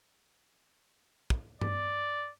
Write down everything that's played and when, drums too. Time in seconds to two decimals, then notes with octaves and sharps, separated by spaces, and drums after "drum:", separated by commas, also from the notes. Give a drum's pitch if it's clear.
1.30 drum: kick
1.61 D5, drum: tom G2